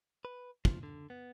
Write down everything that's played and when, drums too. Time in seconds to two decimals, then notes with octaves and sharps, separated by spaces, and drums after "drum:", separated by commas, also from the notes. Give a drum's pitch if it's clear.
0.25 B4
0.65 F3, drum: kick
0.83 D3
1.10 B3